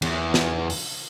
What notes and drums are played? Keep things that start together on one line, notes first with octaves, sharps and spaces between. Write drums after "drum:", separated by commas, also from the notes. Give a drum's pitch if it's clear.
E2, drum: cymbal
drum: snare
drum: open hi-hat